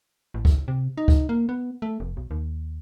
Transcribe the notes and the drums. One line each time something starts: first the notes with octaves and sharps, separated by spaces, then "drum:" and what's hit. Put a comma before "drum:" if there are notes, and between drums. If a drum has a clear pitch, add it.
A1
drum: kick
C3
D#4
drum: kick
A#3
B3
A3
F1
B1
D#2